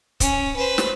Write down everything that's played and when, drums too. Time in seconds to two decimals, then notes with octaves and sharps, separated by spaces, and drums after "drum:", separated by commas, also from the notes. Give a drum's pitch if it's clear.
0.20 C#4, drum: kick, hi-hat
0.56 B4 C5
0.78 drum: snare